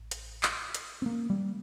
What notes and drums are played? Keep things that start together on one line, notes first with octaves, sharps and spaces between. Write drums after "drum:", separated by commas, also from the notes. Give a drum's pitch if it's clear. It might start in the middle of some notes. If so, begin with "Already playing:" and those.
Already playing: A1
drum: hi-hat
drum: clap
drum: hi-hat
C4
A#3
G3